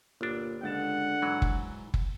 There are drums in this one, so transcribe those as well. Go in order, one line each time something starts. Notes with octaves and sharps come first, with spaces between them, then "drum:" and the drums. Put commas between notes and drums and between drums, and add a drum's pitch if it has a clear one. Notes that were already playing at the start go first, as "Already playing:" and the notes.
G1 A#2 D4
C#2 D3 F#5 A6 E7
G#2 E3 F#3
drum: kick F#1
drum: kick F#1